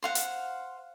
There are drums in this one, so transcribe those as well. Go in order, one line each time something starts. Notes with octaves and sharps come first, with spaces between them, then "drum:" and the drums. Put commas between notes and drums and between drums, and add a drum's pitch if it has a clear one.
C5 F5 F#5
drum: hi-hat